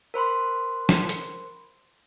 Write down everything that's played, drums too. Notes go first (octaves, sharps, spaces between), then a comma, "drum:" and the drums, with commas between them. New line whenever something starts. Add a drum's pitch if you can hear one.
A#4 C5 B5 C6
drum: snare
drum: hi-hat